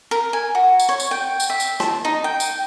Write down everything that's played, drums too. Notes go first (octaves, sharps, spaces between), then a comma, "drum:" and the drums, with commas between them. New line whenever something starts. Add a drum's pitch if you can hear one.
A#4
G#5
F#4
drum: tambourine
C#5
drum: tambourine
G5
drum: tambourine
E5
drum: tambourine
A5, drum: rim click
D#4
G5
drum: tambourine